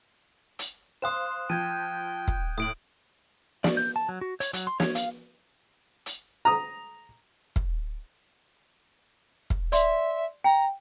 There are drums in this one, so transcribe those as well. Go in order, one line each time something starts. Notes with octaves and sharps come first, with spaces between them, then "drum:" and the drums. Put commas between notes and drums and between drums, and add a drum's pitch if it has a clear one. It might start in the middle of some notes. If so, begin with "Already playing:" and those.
drum: hi-hat
C5 F5 C6 D#6 F#6 E7
F3 G5 G6 G#6 D#7
drum: kick
A2 D#6 D7 F#7
D5, drum: snare
G6
A5
F#3
F#4
C#5, drum: hi-hat
F#3, drum: hi-hat
C6
C#5, drum: snare
F5, drum: hi-hat
drum: hi-hat
A#5 D#6
drum: kick
drum: kick
D5 E5 C6, drum: hi-hat
G5 A#5